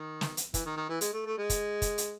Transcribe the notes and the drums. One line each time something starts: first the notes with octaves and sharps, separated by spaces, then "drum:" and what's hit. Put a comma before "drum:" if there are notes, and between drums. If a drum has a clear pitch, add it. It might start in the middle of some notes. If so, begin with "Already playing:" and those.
Already playing: D#3
drum: snare
drum: hi-hat
E3, drum: kick, hi-hat
D#3
D#3
E3
G#3, drum: hi-hat
A3
A3
G#3
drum: kick, hi-hat
drum: kick, hi-hat
drum: hi-hat